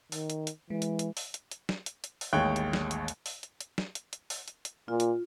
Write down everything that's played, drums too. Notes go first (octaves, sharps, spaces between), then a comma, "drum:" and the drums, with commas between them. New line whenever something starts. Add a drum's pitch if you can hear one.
D#3, drum: open hi-hat
drum: hi-hat
drum: hi-hat
E3 G#3
drum: hi-hat
drum: hi-hat
drum: open hi-hat
drum: hi-hat
drum: hi-hat
drum: snare
drum: hi-hat
drum: hi-hat
drum: open hi-hat
A1 D#2 G#3 C#5 G5 F#6
drum: hi-hat
drum: snare
drum: hi-hat
drum: hi-hat
drum: open hi-hat
drum: hi-hat
drum: hi-hat
drum: snare
drum: hi-hat
drum: hi-hat
drum: open hi-hat
drum: hi-hat
drum: hi-hat
A#2 F4
drum: hi-hat